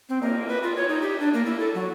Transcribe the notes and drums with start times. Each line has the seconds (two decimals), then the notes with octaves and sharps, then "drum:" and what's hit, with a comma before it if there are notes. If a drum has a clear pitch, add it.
0.09 C4
0.22 A#3, drum: cymbal
0.48 B4
0.63 F4
0.76 C#5
0.89 D#4
1.02 G4
1.20 D4
1.34 A#3
1.46 E4
1.60 A4
1.75 F#3